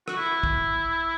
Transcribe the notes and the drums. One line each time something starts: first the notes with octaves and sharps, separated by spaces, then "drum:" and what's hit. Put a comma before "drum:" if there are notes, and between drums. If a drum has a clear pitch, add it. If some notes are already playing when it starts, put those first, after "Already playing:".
F#4, drum: rim click
E4
drum: kick